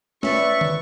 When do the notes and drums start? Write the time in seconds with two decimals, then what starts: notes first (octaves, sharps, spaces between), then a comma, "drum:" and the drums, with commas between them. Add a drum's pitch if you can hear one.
0.23 C#4 B4 D5 E5 C#6, drum: snare
0.61 drum: tom